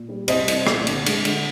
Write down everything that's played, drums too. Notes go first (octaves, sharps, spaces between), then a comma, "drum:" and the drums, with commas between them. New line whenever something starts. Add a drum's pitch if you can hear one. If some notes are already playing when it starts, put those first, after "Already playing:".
Already playing: A#2
G3
C2 C5 D#5, drum: cymbal
C2, drum: cymbal
A#2, drum: rim click
D3, drum: cymbal
G#3, drum: cymbal
D3, drum: cymbal